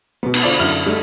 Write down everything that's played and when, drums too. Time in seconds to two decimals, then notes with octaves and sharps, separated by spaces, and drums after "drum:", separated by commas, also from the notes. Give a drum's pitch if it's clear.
0.23 B2 B3
0.34 drum: cymbal
0.43 D3 F4 C5 D5
0.59 F#2 D3 E4 F6
0.86 G3 A3 D#4